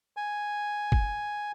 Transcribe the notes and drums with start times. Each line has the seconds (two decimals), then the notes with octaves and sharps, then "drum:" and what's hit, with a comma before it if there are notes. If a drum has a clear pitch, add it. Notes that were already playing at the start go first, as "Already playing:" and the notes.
0.17 G#5
0.92 drum: kick G1